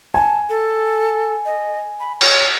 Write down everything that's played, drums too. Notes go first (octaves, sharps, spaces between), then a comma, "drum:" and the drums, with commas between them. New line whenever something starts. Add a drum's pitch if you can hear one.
G#5 A5
A4
D#5
B5
C#5, drum: cymbal